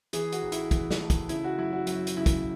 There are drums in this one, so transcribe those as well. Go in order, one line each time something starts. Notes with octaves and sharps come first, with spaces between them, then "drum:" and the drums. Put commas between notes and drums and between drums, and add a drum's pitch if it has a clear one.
E3 G#4, drum: hi-hat
F#4, drum: hi-hat
A1
E4, drum: hi-hat
E3, drum: kick, hi-hat
drum: snare
A3
drum: kick, hi-hat
C#3 E4, drum: hi-hat
F#4
F#2 E4
F#4
F#2 F#4, drum: hi-hat
drum: hi-hat
C#3 E4
drum: kick, hi-hat